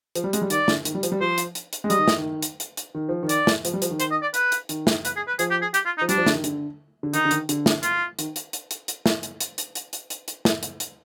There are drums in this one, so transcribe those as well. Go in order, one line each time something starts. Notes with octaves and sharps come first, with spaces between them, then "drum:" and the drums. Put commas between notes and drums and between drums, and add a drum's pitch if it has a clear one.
F3, drum: hi-hat
G3
G#3, drum: hi-hat
G3
D#3 D5, drum: hi-hat
D3, drum: snare
D#3, drum: hi-hat
G3
F3, drum: hi-hat
G3
F3 C5
drum: hi-hat
drum: hi-hat
drum: hi-hat
G#3
G3 D#5, drum: hi-hat
D#3
drum: snare
D#3
drum: hi-hat
drum: hi-hat
drum: hi-hat
D#3
F3
D#3
D5, drum: hi-hat
drum: snare
F3, drum: hi-hat
G3
F3, drum: hi-hat
D#3
C5, drum: hi-hat
D#5
D5
B4, drum: hi-hat
drum: hi-hat
D#3, drum: hi-hat
drum: snare
B4, drum: hi-hat
G#4
B4
F3 G#4, drum: hi-hat
G4
G#4
G4, drum: hi-hat
F4
D#4
F3
G3 D4, drum: hi-hat
F3
D3, drum: snare
D#3
D3, drum: hi-hat
D3
D#3 D#4, drum: hi-hat
D3
D#3, drum: hi-hat
D3, drum: hi-hat
drum: snare
F4, drum: hi-hat
D#3, drum: hi-hat
drum: hi-hat
drum: hi-hat
drum: hi-hat
drum: hi-hat
drum: snare
drum: hi-hat
drum: hi-hat
drum: hi-hat
drum: hi-hat
drum: hi-hat
drum: hi-hat
drum: hi-hat
drum: snare
drum: hi-hat
drum: hi-hat